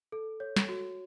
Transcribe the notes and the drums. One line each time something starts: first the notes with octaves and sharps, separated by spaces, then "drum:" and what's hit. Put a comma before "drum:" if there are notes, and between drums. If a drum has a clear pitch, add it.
A4
C#5
drum: snare
F#4